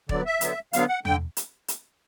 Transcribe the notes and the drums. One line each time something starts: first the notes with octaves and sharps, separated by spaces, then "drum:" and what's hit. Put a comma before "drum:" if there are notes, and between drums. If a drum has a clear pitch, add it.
D3 F#3 B3 D5, drum: kick D#1
E5
D3 F#3 B3, drum: hi-hat
D3 F#3 B3 F5, drum: hi-hat
F#5
D3 G5, drum: tom E2
drum: hi-hat
drum: hi-hat